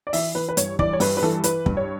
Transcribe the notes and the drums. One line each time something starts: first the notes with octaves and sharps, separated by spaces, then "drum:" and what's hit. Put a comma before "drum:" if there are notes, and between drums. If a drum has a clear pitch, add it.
D5
E3 E5, drum: open hi-hat
E3 B4
B4
G2 C#5, drum: hi-hat
E3 D5, drum: kick
C#5
G2 B4, drum: open hi-hat
B4
E3 A4
E3 B4, drum: hi-hat
G2, drum: kick
C#5